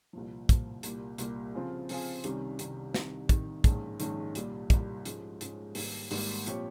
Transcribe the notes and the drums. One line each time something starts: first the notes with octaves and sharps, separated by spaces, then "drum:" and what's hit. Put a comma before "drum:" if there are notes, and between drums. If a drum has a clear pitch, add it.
C2 A#2 F3
C2 A#2 F3, drum: kick, hi-hat
C2 A#2 G3 A#3, drum: hi-hat
C2 A#2 G3 A#3, drum: hi-hat
C#3 F3 C4 F4 G#4
C#3 F3 C4 F4 G#4, drum: open hi-hat
C2 C3 D#3 G3 C#4, drum: hi-hat
C2 C3 D#3 G3 C#4, drum: hi-hat
C2 C3 D#3, drum: snare
C2 C3 D#3, drum: kick, hi-hat
A#1 G#2 D#3 G#3 C#4, drum: kick, hi-hat
A#1 G#2 D#3 G#3 C#4, drum: hi-hat
C2 A#2 G3, drum: hi-hat
C2 A#2 G3, drum: kick, hi-hat
G#2 F3 G#3 C#4, drum: hi-hat
G#2 F3 G#3 C#4, drum: hi-hat
G#1 G#2 G3 A#3, drum: open hi-hat
G#1 G#2 G3 A#3, drum: open hi-hat
A#2 F3 C4 G4 C#5, drum: hi-hat